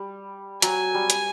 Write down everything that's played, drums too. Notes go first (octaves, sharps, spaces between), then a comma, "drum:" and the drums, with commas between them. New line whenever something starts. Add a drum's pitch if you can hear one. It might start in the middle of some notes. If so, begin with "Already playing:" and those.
Already playing: G3
F#3 G#5, drum: hi-hat
G3
drum: hi-hat